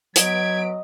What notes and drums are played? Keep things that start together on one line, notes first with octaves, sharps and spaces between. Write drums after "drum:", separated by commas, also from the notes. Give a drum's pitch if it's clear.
F#3 B3 D#5 G#6 B6 D7, drum: hi-hat